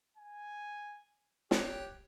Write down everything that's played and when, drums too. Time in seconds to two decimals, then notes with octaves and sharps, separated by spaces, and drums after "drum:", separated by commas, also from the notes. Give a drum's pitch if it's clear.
0.17 G#5
1.51 G4 C#5 G5 F#6, drum: snare